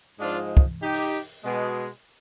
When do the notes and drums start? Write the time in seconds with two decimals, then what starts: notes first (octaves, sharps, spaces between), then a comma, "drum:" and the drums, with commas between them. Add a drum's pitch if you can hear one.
0.18 G#2 F3 G#3 D4 F4
0.57 drum: kick
0.81 D#4 G4
0.94 drum: open hi-hat
1.44 B2 G#3